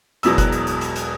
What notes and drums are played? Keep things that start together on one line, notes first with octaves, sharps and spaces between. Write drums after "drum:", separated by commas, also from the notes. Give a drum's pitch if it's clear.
E1 E2 B2 F#3 E6, drum: hi-hat
F#6, drum: kick F#1, hi-hat
drum: hi-hat
drum: hi-hat
drum: hi-hat
drum: hi-hat